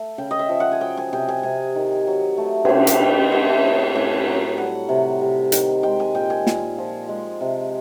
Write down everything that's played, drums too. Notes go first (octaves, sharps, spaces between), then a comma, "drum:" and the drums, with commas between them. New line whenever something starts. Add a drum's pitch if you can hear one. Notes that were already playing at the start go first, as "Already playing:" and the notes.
Already playing: A3
C#3 G5
D#5
E5
F3
F#5
G#5
F#3 G5
G#5
C3 G5
G#5
C3 G#5
D#3
F#3
A3
C3 G5 G#5, drum: cymbal
drum: hi-hat
D#3
A3 F#5
A2
A2 G#5
F#3
G3 F#5
C3
C3
D#3, drum: hi-hat
G#3 G5
G#5
A#2 G5
G#5
A#2, drum: snare
F3
G#3
C3